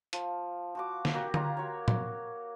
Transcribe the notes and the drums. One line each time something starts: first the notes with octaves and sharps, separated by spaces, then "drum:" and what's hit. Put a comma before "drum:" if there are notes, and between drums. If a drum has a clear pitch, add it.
F3, drum: hi-hat
F3 F#4 D6
drum: snare
A#3 F#4 G4
A#3 F4 A#5, drum: tom D3
F#4 C#5
drum: tom